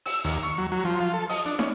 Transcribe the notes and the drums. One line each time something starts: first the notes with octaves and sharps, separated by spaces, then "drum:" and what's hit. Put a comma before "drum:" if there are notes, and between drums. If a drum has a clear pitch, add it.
E6, drum: open hi-hat
D#2, drum: open hi-hat
C#6
F#3
F#3
F3
F4
A4
D#5, drum: open hi-hat
D4
C#4, drum: snare